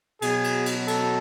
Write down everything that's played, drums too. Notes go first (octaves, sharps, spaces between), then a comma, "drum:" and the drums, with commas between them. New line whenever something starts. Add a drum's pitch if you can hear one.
B2 F#3 G#4, drum: cymbal
drum: cymbal
drum: cymbal
A4, drum: cymbal